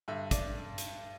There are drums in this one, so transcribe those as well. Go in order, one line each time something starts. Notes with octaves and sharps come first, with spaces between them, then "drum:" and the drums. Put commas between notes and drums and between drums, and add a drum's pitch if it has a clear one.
G2 D3 E5
D5, drum: kick, hi-hat
drum: hi-hat